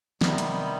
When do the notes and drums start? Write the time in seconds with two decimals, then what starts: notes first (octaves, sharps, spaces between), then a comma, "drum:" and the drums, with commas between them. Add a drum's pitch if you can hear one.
0.21 C3 D#3 G3 B3, drum: snare
0.38 drum: hi-hat